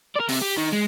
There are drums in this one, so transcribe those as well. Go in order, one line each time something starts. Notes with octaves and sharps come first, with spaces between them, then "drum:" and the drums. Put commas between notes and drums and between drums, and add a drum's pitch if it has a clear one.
A#4 D5
C3, drum: open hi-hat
G4
D#3
G#3